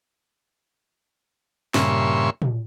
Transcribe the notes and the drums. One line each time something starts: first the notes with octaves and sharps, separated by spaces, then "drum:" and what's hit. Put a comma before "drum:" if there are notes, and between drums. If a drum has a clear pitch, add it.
G2 A#2 C#3 E5 C6 C#6, drum: snare
drum: tom